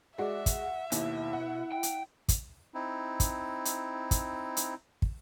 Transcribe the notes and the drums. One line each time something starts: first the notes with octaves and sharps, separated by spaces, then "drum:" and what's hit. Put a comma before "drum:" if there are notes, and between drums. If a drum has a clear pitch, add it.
G#3 F#4 D5 E5
drum: kick, hi-hat
F#5
D#2 B2 E4, drum: hi-hat
F#5
G5
drum: hi-hat
drum: kick, hi-hat
C4 D#4 E4
drum: kick, hi-hat
drum: hi-hat
drum: kick, hi-hat
drum: hi-hat
drum: kick